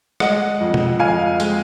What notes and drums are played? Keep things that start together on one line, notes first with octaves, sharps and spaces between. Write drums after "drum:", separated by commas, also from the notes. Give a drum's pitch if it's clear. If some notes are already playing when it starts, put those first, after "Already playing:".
G#3 D#5 F#5, drum: rim click
F2
drum: tom
F2 F5 G#5
G#3, drum: hi-hat